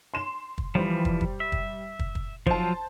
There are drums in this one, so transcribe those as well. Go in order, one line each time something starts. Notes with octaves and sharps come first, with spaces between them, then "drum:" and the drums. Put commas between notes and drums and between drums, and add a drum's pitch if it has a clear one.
C6 E7
drum: kick
E3 F3 G3 C5
drum: kick
drum: kick
E5
drum: kick
drum: kick
drum: kick
F3 F#3 F4 C5 A5, drum: kick